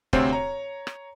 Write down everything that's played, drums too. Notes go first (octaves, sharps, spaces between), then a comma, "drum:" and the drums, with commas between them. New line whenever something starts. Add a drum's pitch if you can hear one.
D2 C3 C4 C5 C#5, drum: kick
C#5 A#5
drum: rim click